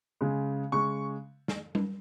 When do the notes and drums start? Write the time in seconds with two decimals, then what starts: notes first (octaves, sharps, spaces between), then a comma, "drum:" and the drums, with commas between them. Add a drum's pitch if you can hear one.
0.21 C#3 G#3
0.72 C#3 G#3 C#6
1.48 drum: snare
1.75 drum: tom G3